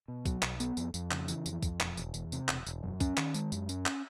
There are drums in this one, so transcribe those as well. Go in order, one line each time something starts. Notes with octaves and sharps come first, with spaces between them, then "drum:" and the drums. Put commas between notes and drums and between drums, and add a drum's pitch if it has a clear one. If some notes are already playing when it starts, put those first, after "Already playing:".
B2
F#3, drum: kick, tambourine
B1, drum: clap
B3, drum: tambourine
F2, drum: tambourine
F2, drum: tambourine
C#3, drum: clap
E3, drum: tambourine
F2, drum: tambourine
F2, drum: kick, tambourine
E1, drum: clap
E1, drum: tambourine
E2, drum: tambourine
C3, drum: tambourine
E1, drum: clap
E1, drum: tambourine
F#2
C#4, drum: kick, tambourine
D#3, drum: clap
G#3, drum: tambourine
F#2, drum: tambourine
C#4, drum: tambourine
drum: clap